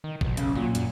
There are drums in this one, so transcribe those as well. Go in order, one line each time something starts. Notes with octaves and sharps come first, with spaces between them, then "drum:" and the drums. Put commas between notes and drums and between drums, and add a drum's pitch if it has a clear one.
D#3
B1, drum: kick
C#3, drum: hi-hat
A#2 F#3
F#2, drum: hi-hat